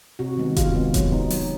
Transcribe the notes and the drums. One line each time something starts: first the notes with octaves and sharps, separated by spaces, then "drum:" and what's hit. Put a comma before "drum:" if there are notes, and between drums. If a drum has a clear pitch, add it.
C3 F#4
D#3 G#3 B3
C3 F4, drum: kick E1, hi-hat
D#3 G#3 B3
F#3, drum: kick E1, hi-hat
B3 D#4
F#3, drum: open hi-hat